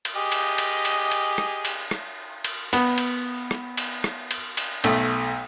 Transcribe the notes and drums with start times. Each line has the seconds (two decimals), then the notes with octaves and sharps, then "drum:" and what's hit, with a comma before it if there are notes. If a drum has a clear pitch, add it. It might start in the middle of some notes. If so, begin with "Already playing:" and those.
0.05 drum: cymbal
0.16 G4 G#4 D#5
0.32 drum: cymbal
0.58 drum: cymbal
0.85 drum: cymbal
1.11 drum: cymbal
1.38 drum: rim click
1.65 drum: cymbal
1.91 drum: rim click
2.44 drum: cymbal
2.73 B3, drum: cymbal
2.98 drum: cymbal
3.51 drum: rim click
3.77 drum: cymbal
4.04 drum: rim click
4.31 drum: cymbal
4.57 drum: cymbal
4.84 B1 A3, drum: cymbal